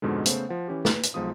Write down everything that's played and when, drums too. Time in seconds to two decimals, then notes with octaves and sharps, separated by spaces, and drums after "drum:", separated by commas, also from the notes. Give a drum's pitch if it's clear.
0.02 F2 G#2 B2 D3 G#3
0.26 C#3 A3 B3 A4 C5, drum: hi-hat
0.49 F3 F#5
0.68 E3 C#4 G4
0.85 B4, drum: snare
1.03 drum: hi-hat
1.14 B1 F3 G#3 B3 F4 D#6